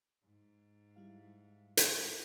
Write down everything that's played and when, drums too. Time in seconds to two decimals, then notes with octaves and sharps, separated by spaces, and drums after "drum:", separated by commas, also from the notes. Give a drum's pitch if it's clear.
0.25 G#2
0.96 G3 E4 F5
1.77 drum: hi-hat